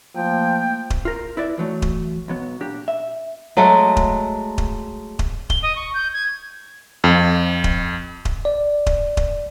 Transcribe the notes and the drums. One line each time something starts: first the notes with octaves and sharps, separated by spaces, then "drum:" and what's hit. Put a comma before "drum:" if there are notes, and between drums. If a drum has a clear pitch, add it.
F3 A3 A#3 G5
drum: kick D#1
F4 A#4
E4 B4 D5 E5
E3 F#3 A3
drum: kick D#1
B1 F#3 B3
A#2 D4 G4
E5
F#3 G#3 A3 F#4
drum: kick D#1
drum: kick D#1
drum: kick D#1
G7, drum: kick D#1
D#5
C#6
G6
G#6
F2
drum: kick D#1
drum: kick D#1
D5
drum: kick D#1
drum: kick D#1